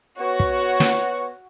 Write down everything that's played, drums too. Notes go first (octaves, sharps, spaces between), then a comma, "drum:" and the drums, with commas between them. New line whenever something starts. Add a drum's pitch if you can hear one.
B3 F#4 C#5
drum: kick
drum: snare